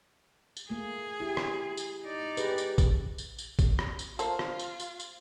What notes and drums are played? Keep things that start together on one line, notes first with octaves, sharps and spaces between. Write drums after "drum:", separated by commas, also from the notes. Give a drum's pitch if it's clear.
drum: tambourine
A3 A#3 G#4
E4 G4
drum: rim click
drum: tambourine
D#4 D5
G4 G#4 B4, drum: tambourine
drum: tambourine
drum: kick, tambourine
drum: tambourine
drum: tambourine
drum: kick, tambourine
drum: rim click
drum: tambourine
A3 A#3 F4 A4 C5, drum: tambourine
drum: rim click
drum: tambourine
drum: tambourine
drum: tambourine